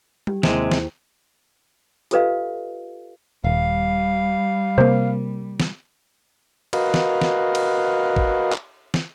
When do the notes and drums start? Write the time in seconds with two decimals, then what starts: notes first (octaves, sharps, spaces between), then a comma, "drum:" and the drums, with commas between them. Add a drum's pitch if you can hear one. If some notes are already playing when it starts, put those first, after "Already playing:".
0.27 G4, drum: tom G3
0.43 D#2 C3 G#3 E4 G#4 C5, drum: snare
0.71 drum: snare
2.11 F4 G4 A4 B4 D#5 F5, drum: hi-hat
3.44 D#1 G3 F5
4.78 C3 A#3 C5
5.60 drum: snare
6.73 F#4 A#4 B4 D#5 F5, drum: cymbal
6.94 drum: snare
7.21 drum: snare
7.55 drum: cymbal
8.16 drum: kick A1
8.53 drum: clap
8.94 drum: snare